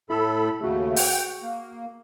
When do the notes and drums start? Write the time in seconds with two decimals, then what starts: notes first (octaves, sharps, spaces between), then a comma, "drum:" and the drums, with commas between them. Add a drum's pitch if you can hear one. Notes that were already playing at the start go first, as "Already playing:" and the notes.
0.10 A2 E4 A4 B5 E6
0.61 D#2 C#3 A3 F#4 G#4
0.96 F#5 G5, drum: open hi-hat
1.43 A#3